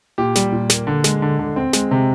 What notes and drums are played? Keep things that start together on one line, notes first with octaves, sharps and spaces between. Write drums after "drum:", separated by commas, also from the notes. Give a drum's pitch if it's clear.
A#2 G4
G3, drum: snare
A#2
A#3, drum: snare
D3
G#3, drum: snare
D3
D3
C4
G#3, drum: snare
C3